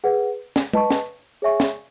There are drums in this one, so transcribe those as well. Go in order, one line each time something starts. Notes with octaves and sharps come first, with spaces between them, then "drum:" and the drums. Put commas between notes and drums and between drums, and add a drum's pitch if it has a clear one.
G#4 B4 F#5
drum: snare
B4 D#5 A5 C#6, drum: tom G#3
drum: snare
G#4 C#5 E5 G#5 C#6
drum: snare